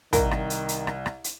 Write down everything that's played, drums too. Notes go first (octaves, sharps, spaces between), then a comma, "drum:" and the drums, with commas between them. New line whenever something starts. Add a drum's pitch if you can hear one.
C2 D#3 A#4, drum: kick, hi-hat
drum: rim click
drum: hi-hat
drum: hi-hat
drum: rim click
drum: rim click
drum: hi-hat